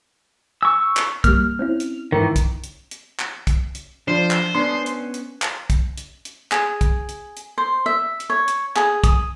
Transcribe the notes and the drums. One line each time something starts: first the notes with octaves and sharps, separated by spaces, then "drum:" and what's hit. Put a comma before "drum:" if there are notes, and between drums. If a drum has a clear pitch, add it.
G#5 C#6 E6
drum: clap
G3 A#3 F6, drum: kick, hi-hat
C4 C#4 E4
drum: hi-hat
G#2 D#3 E3 A#4
drum: kick, hi-hat
drum: hi-hat
drum: hi-hat
drum: clap
drum: kick, hi-hat
drum: hi-hat
F3 D4 C5
drum: clap
B3 C#4 D4 C6
drum: hi-hat
drum: hi-hat
drum: clap
drum: kick, hi-hat
drum: hi-hat
drum: hi-hat
G#4, drum: clap
drum: kick, hi-hat
drum: hi-hat
drum: hi-hat
C5
E5
drum: hi-hat
C#5
drum: hi-hat
G#4, drum: clap
D#6, drum: kick, hi-hat